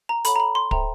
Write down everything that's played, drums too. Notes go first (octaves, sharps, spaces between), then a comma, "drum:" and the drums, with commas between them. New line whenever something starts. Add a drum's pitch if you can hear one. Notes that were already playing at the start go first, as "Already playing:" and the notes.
A#5
A4 C#5 F#5 B5, drum: hi-hat
A#5
B5
C6
A4 C5 E5 G5 A#5, drum: kick